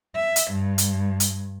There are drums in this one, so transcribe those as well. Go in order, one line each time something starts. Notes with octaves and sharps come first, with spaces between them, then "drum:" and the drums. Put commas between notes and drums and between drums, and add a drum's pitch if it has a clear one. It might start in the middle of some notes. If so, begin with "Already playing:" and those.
E5
drum: hi-hat
G2
drum: hi-hat
drum: hi-hat